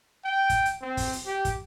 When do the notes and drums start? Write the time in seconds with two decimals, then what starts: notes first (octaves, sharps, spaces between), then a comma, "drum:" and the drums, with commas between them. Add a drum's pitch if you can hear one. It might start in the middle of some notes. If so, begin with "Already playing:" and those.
0.25 G5
0.50 drum: kick, hi-hat
0.65 drum: hi-hat
0.81 C4
0.97 drum: kick, open hi-hat
1.13 drum: hi-hat
1.27 G4
1.45 drum: kick, hi-hat